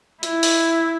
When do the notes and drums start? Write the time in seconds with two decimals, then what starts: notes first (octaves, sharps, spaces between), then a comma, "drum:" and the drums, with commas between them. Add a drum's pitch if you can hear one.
0.23 E4, drum: hi-hat
0.43 drum: open hi-hat